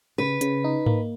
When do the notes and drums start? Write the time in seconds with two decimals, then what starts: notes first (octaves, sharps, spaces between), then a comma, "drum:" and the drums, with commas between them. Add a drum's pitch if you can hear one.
0.18 C#3 B4
0.41 C#3, drum: hi-hat
0.64 D#4
0.86 A#3, drum: tom G#2